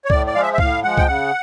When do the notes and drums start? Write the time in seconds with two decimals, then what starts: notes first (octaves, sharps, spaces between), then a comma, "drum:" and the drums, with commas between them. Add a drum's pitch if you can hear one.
0.05 C#5
0.10 A2 D5, drum: kick C2
0.26 D5
0.34 F3 G#3 F5
0.42 E5
0.54 E5
0.58 A2 F5, drum: kick C2
0.83 F3 G#3 F#5
0.97 G5, drum: kick C2
1.07 C#3 F#5